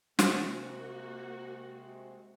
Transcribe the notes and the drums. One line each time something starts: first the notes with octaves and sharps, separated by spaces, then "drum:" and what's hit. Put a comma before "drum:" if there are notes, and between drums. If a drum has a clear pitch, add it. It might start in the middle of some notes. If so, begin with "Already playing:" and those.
C3 G#3 A#3 C4 F#4, drum: snare